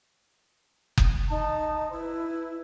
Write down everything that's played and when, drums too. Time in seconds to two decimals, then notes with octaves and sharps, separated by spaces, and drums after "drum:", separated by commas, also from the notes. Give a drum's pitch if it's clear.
0.97 drum: kick F#1
1.30 D#4 A5
1.92 E4 B4